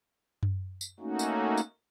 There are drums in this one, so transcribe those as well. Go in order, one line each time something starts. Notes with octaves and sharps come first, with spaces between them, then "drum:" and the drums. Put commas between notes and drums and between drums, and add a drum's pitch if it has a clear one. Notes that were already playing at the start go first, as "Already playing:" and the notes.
drum: tom F#2
drum: tambourine
A3 A#3 C#4 D#4 F#4
drum: tambourine
drum: tambourine